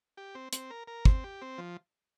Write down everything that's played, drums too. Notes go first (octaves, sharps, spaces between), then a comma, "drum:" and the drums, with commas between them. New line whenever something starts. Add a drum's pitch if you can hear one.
G4
C4
C4, drum: hi-hat
A#4
A#4
C4, drum: kick
G4
C4
F3